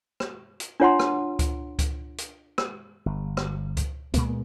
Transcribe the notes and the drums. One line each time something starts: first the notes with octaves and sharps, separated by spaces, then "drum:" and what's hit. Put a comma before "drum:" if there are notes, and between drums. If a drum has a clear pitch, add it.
drum: rim click
drum: hi-hat
D4 F4 C#5 F#5 A#5 C6
drum: rim click
drum: kick C#2, hi-hat
drum: kick C#2, hi-hat
drum: hi-hat
drum: rim click
G1
drum: rim click
drum: kick C#2, hi-hat
A#2 G#3 A#3 B3, drum: kick C#2, hi-hat